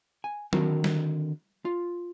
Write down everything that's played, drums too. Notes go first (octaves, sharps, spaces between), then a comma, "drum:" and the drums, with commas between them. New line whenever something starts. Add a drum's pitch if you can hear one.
G#5
D3 D#3 C4 F#4 A#4, drum: tom
drum: snare
F4